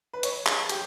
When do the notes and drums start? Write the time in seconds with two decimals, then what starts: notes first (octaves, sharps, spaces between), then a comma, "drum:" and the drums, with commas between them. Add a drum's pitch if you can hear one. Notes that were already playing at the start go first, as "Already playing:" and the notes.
0.13 B4
0.23 C#5, drum: hi-hat
0.47 G#4, drum: clap
0.69 G4, drum: hi-hat